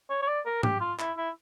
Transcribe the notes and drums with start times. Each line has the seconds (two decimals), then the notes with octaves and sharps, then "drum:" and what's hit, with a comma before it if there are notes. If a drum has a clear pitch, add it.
0.10 C#5
0.22 C#5
0.28 D5
0.46 A#4
0.63 G4, drum: tom G#2
0.81 F4
0.99 E4, drum: clap
1.17 E4